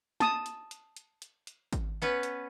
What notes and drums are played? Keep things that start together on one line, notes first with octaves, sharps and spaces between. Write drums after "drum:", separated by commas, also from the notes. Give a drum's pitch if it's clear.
A5 D#6, drum: snare
drum: hi-hat
drum: hi-hat
drum: hi-hat
drum: hi-hat
drum: hi-hat
drum: kick G#1, hi-hat
B3 C#4 B4
drum: hi-hat